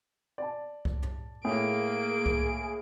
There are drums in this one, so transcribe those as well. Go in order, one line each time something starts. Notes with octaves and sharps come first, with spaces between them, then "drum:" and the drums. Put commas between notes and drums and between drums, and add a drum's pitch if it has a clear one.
D5 A5
drum: kick C2
drum: tom
A2 A#3 G#4 D7
drum: kick C2